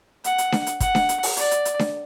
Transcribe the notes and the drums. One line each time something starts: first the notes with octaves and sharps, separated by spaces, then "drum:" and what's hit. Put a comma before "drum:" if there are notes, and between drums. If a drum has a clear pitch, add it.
F#5, drum: hi-hat
drum: hi-hat
drum: snare D4
drum: hi-hat
F#5, drum: kick, hi-hat
drum: snare D4
drum: hi-hat
drum: open hi-hat
D5, drum: hi-hat
drum: hi-hat
drum: hi-hat
drum: snare D4